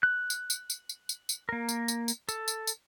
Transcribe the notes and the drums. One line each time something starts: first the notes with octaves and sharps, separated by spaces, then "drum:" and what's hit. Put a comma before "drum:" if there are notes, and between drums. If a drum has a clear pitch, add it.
F#6
drum: tambourine
drum: tambourine
drum: tambourine
drum: tambourine
drum: tambourine
drum: tambourine
A#3 A#4
drum: tambourine
drum: tambourine
drum: tambourine
A4, drum: tambourine
drum: tambourine
drum: tambourine